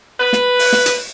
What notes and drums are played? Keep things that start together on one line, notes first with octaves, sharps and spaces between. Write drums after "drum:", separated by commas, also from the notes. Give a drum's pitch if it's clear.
B4
drum: snare
drum: open hi-hat
drum: snare
drum: hi-hat